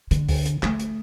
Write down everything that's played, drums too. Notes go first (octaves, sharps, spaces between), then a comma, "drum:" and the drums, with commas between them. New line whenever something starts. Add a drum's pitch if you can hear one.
D3, drum: hi-hat
drum: kick D2, open hi-hat
drum: hi-hat
A3, drum: clap
drum: hi-hat